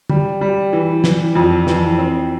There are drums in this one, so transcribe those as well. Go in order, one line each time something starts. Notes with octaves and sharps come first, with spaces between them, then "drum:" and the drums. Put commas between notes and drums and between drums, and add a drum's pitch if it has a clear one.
G3, drum: tom
G3
E3
E3, drum: snare
F2
E3, drum: snare
C4